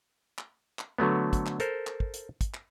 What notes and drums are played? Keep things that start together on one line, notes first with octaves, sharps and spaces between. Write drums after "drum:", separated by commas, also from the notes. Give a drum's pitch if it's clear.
drum: clap
drum: clap
D3 F#3 A3 B3
drum: kick, hi-hat
drum: clap
A4 A#4 C5, drum: hi-hat
drum: clap
drum: kick
drum: hi-hat
drum: kick, hi-hat
drum: clap